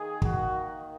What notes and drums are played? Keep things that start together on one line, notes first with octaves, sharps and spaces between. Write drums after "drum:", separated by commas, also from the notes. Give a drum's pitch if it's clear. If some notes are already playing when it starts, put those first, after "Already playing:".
Already playing: D#3 A#3 G#4
F#4, drum: kick